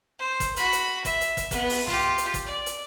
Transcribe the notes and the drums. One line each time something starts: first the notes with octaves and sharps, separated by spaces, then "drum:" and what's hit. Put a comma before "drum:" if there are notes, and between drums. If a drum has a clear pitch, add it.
C5
drum: kick, hi-hat
F#4 B5, drum: hi-hat
drum: hi-hat
E5, drum: kick, hi-hat
drum: hi-hat
drum: kick, hi-hat
B3, drum: kick, hi-hat
drum: open hi-hat
F4 G4, drum: tom C2
drum: hi-hat
drum: kick, hi-hat
D5
drum: hi-hat